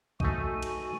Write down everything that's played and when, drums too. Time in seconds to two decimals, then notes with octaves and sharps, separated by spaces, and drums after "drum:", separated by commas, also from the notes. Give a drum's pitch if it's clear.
0.20 A3 D#4 F#4 G#5, drum: kick B1
0.62 drum: cymbal